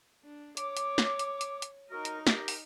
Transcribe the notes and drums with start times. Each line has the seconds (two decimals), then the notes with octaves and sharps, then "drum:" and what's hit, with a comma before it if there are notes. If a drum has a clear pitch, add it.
0.24 D4
0.57 C#5 D6, drum: hi-hat
0.77 drum: hi-hat
0.98 drum: snare
1.19 drum: hi-hat
1.41 drum: hi-hat
1.62 drum: hi-hat
1.90 D#4 F#4 A#4 D#5
2.05 drum: hi-hat
2.27 G4 A#4, drum: snare
2.48 drum: open hi-hat